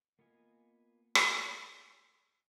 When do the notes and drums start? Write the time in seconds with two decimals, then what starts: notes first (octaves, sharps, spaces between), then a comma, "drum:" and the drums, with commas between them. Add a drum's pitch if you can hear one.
0.19 A#3 B3 F4 D#5 G#5
1.15 G#5, drum: rim click